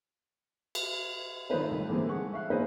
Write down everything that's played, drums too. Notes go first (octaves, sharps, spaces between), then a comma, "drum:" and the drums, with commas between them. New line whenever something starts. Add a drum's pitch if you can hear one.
drum: cymbal
D#3 A3 D#4 F4 B4 C5
C2
D3 E3 G#3 A#3 C4
G#4 F#5 C#6
E5 F5 F#6
A#3 D#4 G#4 B4 C5 D#5